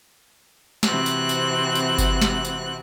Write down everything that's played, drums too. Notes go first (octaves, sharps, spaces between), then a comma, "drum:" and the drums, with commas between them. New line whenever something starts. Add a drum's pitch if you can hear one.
C3 E3 C4 F#4 F#6, drum: snare
drum: tambourine
drum: tambourine
drum: tambourine
drum: kick G1, tambourine
drum: snare
drum: tambourine